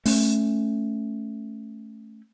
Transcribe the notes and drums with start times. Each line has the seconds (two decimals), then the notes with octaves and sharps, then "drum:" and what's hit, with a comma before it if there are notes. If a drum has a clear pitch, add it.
0.05 A3 C#4, drum: open hi-hat